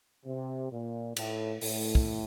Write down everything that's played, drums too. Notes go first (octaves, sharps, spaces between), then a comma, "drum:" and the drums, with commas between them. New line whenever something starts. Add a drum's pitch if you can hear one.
C3
A#2
A2, drum: cymbal
A2, drum: open hi-hat
drum: kick